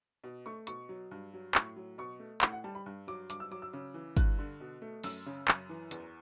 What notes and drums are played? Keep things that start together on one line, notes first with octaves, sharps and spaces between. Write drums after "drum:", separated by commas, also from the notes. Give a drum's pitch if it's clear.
B2
A3 C#6
B2 C#6, drum: hi-hat
F#3
G2
F#3
A2 C#6, drum: clap
F#3
B2 C#6
A3
A2 F#5, drum: clap
F#5
G3 A5
B5
G2
F#3 D6
G2 D6, drum: hi-hat
E6
F#3 D6
E6
C#3
E3
G2 F#6, drum: kick, hi-hat
D3
B2
A3
F#2 E6, drum: open hi-hat
C#3
F#2, drum: clap
E3
E2, drum: hi-hat